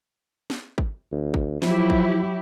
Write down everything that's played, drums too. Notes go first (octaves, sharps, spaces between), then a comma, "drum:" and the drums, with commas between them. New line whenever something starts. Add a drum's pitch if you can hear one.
drum: snare
drum: kick
D2
drum: kick
F3 F#3 E4 G4, drum: snare
drum: kick